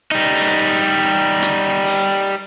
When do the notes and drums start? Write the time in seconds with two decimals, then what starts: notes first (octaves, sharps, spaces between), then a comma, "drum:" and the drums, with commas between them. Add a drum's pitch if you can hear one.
0.12 G3 D#4
0.35 drum: open hi-hat
1.42 drum: hi-hat
1.86 drum: open hi-hat